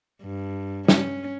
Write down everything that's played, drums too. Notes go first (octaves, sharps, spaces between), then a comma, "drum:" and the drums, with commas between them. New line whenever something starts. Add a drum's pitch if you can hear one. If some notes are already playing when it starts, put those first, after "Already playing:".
G2
C#4, drum: snare